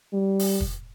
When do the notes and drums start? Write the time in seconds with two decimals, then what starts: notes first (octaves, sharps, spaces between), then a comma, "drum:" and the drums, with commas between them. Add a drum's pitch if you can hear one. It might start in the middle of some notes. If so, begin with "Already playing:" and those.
0.13 G3
0.39 drum: open hi-hat
0.60 drum: kick